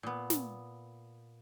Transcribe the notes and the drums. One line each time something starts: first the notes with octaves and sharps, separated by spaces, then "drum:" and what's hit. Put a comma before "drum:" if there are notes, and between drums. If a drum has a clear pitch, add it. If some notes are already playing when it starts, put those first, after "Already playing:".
A#2 B3
drum: snare